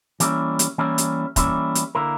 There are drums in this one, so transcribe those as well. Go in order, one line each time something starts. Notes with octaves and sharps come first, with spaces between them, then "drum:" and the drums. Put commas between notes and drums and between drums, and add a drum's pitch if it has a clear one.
E3 G3 A#3 C#4 E4, drum: hi-hat
drum: hi-hat
E3 G3 A#3 C#4 E4
drum: hi-hat
E3 G3 A#3 C#4 E4, drum: kick, hi-hat
drum: hi-hat
D3 A#3 E4 A#4